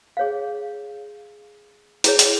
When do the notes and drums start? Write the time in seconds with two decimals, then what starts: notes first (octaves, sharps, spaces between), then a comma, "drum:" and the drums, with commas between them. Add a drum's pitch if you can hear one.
0.17 G#4 C#5 F5
2.04 E4 G#4 C#5, drum: hi-hat
2.19 drum: hi-hat